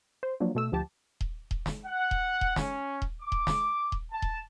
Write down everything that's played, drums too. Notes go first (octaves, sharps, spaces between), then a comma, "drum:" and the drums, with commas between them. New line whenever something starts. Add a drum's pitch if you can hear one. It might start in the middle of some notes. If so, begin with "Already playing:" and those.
C5
F3 F#3 A#3 D4
B2 A3 E6
D2 F3 G4 A5
drum: kick D#1
drum: kick D#1
drum: snare
F#5
drum: kick D#1
drum: kick D#1
C#4, drum: snare
drum: kick D#1
D6
drum: kick D#1
drum: snare
drum: kick D#1
A5
drum: kick D#1